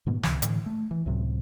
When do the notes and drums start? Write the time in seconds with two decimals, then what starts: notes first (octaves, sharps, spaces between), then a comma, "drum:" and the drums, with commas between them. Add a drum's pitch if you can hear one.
0.06 G#2 B2 D#3 B3
0.23 C#2 C3, drum: snare
0.42 A2 D3 E3, drum: hi-hat
0.66 A3
0.91 E3
1.06 C#2 A2 C3 F#3